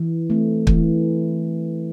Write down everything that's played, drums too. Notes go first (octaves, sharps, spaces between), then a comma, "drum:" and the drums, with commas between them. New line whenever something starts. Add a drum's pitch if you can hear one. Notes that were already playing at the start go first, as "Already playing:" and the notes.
Already playing: E3
A3 C4
E3, drum: kick